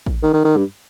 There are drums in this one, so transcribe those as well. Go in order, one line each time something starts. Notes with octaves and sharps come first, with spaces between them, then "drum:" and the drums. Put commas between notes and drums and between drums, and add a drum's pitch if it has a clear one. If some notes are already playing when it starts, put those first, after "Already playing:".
drum: kick A1
D#3
D#3
D#3
G2